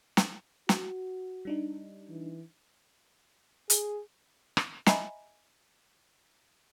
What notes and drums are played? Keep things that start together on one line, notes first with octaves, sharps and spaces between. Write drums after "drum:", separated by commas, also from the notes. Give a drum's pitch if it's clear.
drum: snare
F#4, drum: snare
G3 D4 D#4
E3
G#4, drum: hi-hat
drum: rim click
D#5 E5 G#5 A#5 B5, drum: snare